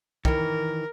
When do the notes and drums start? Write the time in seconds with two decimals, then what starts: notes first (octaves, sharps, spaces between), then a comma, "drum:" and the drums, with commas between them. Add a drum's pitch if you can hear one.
0.25 D#3 E3 A#4, drum: kick